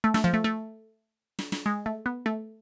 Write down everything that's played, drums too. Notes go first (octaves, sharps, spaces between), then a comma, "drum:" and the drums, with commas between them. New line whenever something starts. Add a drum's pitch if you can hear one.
A3
A3, drum: snare
F3
A3
A3
drum: snare
drum: snare
G#3
A3
B3
A3